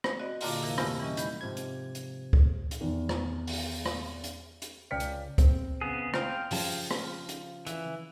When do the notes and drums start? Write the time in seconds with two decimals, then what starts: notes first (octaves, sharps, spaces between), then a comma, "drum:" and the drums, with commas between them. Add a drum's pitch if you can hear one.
0.04 drum: rim click
0.19 F#4 D5 D#5
0.41 A#2 D3 A#3 F4 A5 C6, drum: open hi-hat
0.63 F2 C3 E3 E4 A#4 F5
0.78 C3 G4 G#5 A5 F6, drum: rim click
1.00 E3 G3 C#4 D#5
1.17 G#3 E4 D#5 B5 G6, drum: hi-hat
1.41 G#2 C3 F3 G#6
1.57 drum: hi-hat
1.95 drum: hi-hat
2.33 drum: kick C#2
2.71 drum: hi-hat
2.81 E2 D#3
3.09 drum: rim click
3.47 drum: open hi-hat
3.86 drum: rim click
4.24 drum: hi-hat
4.62 drum: hi-hat
4.91 C#2 D5 G5 F6 B6 C#7
5.00 drum: hi-hat
5.38 C4, drum: kick C#2, hi-hat
5.81 C#3 B3 G#4
6.14 F5 G5 C6, drum: rim click
6.51 C#3 F3 A5, drum: open hi-hat
6.91 drum: rim click
7.29 drum: hi-hat
7.67 E3, drum: hi-hat